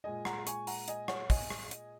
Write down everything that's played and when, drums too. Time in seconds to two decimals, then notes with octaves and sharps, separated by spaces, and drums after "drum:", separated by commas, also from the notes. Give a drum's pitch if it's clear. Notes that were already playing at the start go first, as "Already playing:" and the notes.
0.04 A#2 G#3 D#5 G#5
0.25 F#5 A#5, drum: rim click
0.47 G#5 C#6, drum: hi-hat
0.67 F#5 A#5, drum: open hi-hat
0.88 D#5 G#5, drum: hi-hat
1.08 C#5 F#5, drum: rim click
1.30 D#5 G#5, drum: kick, open hi-hat
1.50 drum: rim click
1.71 drum: hi-hat